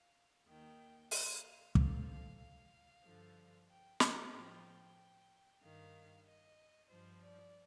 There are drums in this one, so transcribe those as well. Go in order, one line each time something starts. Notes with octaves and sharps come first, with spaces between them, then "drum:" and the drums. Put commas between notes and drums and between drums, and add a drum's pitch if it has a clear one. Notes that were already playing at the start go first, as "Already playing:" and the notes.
Already playing: F5
D#2 D#3 G5
F5, drum: open hi-hat
D2 D3 F3 F5, drum: kick
F5
F5
G2 D3 F3
G5
F5, drum: snare
A2 F3 G5
G2 D#3 F5
D#5
G2 F3 C5
D5